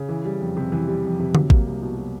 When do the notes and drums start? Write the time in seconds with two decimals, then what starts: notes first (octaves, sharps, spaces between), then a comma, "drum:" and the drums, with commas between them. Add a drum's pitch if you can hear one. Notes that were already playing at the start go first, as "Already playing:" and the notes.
Already playing: C#3
0.09 E3
0.25 G3
0.41 F2
0.57 C3
0.72 E3
0.88 G3
1.03 F2
1.20 C3
1.35 F#3, drum: tom D3
1.50 A#3, drum: kick A1
1.66 C2
1.82 B2
1.98 F#3